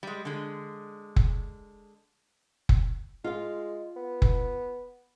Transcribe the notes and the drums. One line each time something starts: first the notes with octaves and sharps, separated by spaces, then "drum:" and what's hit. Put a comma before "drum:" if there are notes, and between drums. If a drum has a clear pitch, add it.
G3 G#3
D3 G#3
drum: kick
drum: kick
G#3 F4 F5
B3
drum: kick